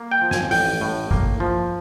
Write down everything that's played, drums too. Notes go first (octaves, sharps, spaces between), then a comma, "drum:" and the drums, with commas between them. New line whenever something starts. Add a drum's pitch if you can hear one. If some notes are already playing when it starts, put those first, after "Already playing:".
Already playing: A#3
G5
F3
G#5, drum: snare
A1 G5, drum: open hi-hat
A2
A#3, drum: kick G#1
F3